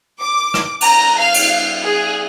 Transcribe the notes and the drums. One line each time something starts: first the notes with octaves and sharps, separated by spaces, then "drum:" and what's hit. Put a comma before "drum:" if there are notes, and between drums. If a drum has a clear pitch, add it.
D6
drum: rim click
A#5, drum: cymbal
F5
drum: cymbal
G#4